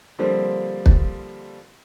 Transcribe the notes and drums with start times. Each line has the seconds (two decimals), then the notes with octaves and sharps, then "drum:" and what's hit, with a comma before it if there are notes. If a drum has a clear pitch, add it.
0.19 D3 F3 G3 A#3 C4
0.86 drum: kick